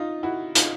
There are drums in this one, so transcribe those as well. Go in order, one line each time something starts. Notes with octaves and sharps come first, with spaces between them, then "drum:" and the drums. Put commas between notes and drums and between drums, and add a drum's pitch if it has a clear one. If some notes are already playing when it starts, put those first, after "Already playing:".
Already playing: D#4 F4
E4 F#4
D#4 F4, drum: hi-hat